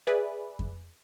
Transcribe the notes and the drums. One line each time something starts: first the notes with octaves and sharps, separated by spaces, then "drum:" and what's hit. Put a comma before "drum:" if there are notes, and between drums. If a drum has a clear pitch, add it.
G#4 B4 D5 E5
drum: kick F2